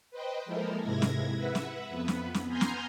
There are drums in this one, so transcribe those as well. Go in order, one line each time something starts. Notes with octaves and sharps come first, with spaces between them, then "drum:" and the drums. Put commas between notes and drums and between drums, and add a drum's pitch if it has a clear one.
B4 C5 D#5 G5
F3 G#3 A#3 E4 A4 A#4
G#2 C3 G#3 E4 G#6 A#6
drum: snare
B4 E5 F#5
drum: snare
F2 B3 B4
drum: snare
drum: snare
B3 G#5 A#5 C6 F6 G6
drum: snare